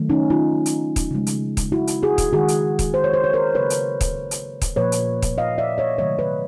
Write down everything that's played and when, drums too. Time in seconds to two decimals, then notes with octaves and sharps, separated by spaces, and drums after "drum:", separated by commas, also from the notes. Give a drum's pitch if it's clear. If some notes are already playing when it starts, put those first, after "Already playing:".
Already playing: D#3 F#3 A3
0.09 C#4 D#4
0.30 D#4 F4
0.66 drum: hi-hat
0.96 drum: kick D#1, hi-hat
1.11 C#3 F3 G#3
1.27 drum: hi-hat
1.57 drum: kick D#1, hi-hat
1.72 E4 F#4
1.87 drum: hi-hat
2.03 F#4 G#4
2.18 drum: kick D#1, hi-hat
2.33 D#3 G#3 F#4 G#4
2.48 drum: hi-hat
2.79 drum: kick D#1, hi-hat
2.94 C5
3.04 C#5
3.13 C5
3.24 C#5
3.33 A#4 C5
3.55 C#3 F#3 A#3 B4 C#5
3.70 drum: hi-hat
4.01 drum: kick D#1, hi-hat
4.31 drum: hi-hat
4.62 drum: kick D#1, hi-hat
4.76 A#2 F3 A#3 B4 C#5
4.92 drum: hi-hat
5.22 drum: kick D#1, hi-hat
5.38 D#5 F5
5.58 D5 E5
5.78 C#5 D#5
5.98 C3 D#3 F#3 A3 C#5 D#5
6.19 B4 C#5